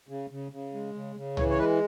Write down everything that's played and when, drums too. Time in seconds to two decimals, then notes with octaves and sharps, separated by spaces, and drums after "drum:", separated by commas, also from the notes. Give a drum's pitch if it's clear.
0.09 C#3
0.30 C#3
0.52 C#3
0.74 G#3
0.94 C#3
1.16 C#3
1.37 E3 C#5, drum: tom C2
1.50 C#5
1.58 G#3 B4